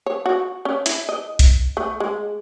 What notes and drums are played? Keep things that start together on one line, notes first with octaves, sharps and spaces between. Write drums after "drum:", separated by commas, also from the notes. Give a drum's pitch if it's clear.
C#5
F#4
C#4
E4, drum: hi-hat
D#5
drum: kick B1, hi-hat
A3
G#3